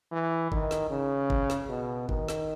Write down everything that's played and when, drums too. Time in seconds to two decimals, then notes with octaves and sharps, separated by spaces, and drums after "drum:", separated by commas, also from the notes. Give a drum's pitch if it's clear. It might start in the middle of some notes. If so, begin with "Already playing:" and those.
0.12 E3
0.52 D#3, drum: kick
0.71 drum: snare
0.90 C#3
1.30 drum: kick
1.50 drum: snare
1.69 B2
2.09 D#3, drum: kick
2.28 drum: snare